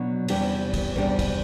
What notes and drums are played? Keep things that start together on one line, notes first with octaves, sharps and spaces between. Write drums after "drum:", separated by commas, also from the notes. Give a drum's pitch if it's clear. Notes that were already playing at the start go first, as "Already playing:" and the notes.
Already playing: B2 F#3 B3 D4
E2 C3 G3 D4 G4, drum: cymbal
drum: kick, cymbal
E2 C3 G3 D4 G4
drum: kick, cymbal